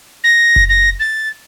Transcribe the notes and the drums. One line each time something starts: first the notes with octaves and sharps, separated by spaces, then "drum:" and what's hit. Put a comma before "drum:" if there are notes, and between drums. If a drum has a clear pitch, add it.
A#6
drum: kick F#1
A#6
A6